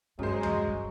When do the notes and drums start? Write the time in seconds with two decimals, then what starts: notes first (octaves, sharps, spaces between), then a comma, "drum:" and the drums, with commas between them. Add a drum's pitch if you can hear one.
0.19 G2 C#3 F#3 G#3 C5
0.43 drum: tom
0.68 drum: kick